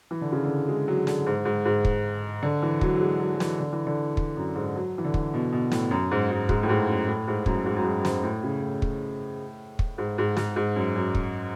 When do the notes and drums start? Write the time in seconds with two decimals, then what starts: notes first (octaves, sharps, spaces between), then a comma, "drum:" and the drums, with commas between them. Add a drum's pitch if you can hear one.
0.11 E3
0.21 D3
0.32 C#3
0.45 D3
0.68 G#3
0.88 F#3
1.07 D3, drum: snare
1.26 G#2
1.45 G#2
1.65 G#2
1.85 drum: kick
2.43 D3
2.63 E3
2.81 F#3, drum: kick
2.95 F#3
3.01 G#3
3.20 F#3
3.33 F#3
3.40 E3, drum: snare
3.60 D3
3.73 E3
3.87 D3
4.17 drum: kick
4.37 F#2
4.55 G#2
4.76 F#3
4.98 E3
5.05 D3
5.14 drum: kick
5.34 B2
5.52 B2
5.72 A2, drum: snare
5.91 F#2
6.11 G#2
6.31 G#2
6.49 G#2, drum: kick
6.63 A2
6.69 G#2
6.89 F#2
7.08 A2
7.28 G#2
7.46 F#2, drum: kick
7.66 G#2
7.76 F#2
7.85 G#2
8.00 F#2
8.05 G#2, drum: snare
8.23 A2
8.43 C#3
8.62 A2
8.82 drum: kick
9.79 drum: kick
9.98 G#2
10.18 G#2
10.37 G#2, drum: snare
10.56 G#2
10.76 F#2
10.95 F#2
11.15 drum: kick